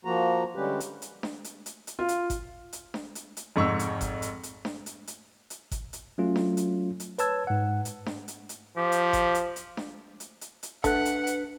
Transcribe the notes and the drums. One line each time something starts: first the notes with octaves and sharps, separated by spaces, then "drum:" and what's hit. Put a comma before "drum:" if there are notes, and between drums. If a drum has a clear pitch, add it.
F3 A#3 F#4 A#5
D3 G3 G#3 C#4 G4 B4
drum: hi-hat
drum: hi-hat
drum: snare D4
drum: hi-hat
drum: hi-hat
drum: hi-hat
F4
drum: hi-hat
drum: kick G#1, hi-hat
drum: hi-hat
drum: snare D4
drum: hi-hat
drum: hi-hat
F1 G#2 C#6 E6
drum: hi-hat
drum: kick G#1, hi-hat
drum: hi-hat
drum: hi-hat
drum: snare D4
drum: hi-hat
drum: hi-hat
drum: hi-hat
drum: kick G#1, hi-hat
drum: hi-hat
F#3 A3 C#4 F4
drum: snare D4
drum: hi-hat
drum: hi-hat
B4 C#5 A5 E6 G#6, drum: hi-hat
G#2 F#5
drum: hi-hat
drum: snare D4
drum: hi-hat
drum: hi-hat
F3 G4
drum: hi-hat
drum: kick G#1, hi-hat
drum: hi-hat
drum: hi-hat
drum: snare D4
drum: hi-hat
drum: hi-hat
drum: hi-hat
A3 D4 B4 F#5 F#6, drum: kick G#1, hi-hat
drum: hi-hat
drum: hi-hat